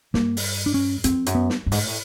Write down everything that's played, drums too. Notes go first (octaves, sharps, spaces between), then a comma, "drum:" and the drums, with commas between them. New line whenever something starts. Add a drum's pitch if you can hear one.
G2 A#3, drum: snare
drum: open hi-hat
D4
C#4
F2 C4, drum: hi-hat
F#2, drum: hi-hat
B3
drum: snare
G2
G#2, drum: open hi-hat
A2